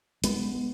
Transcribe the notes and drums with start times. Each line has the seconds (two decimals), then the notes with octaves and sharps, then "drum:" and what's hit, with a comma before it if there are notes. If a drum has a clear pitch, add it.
0.24 G#3 B3, drum: hi-hat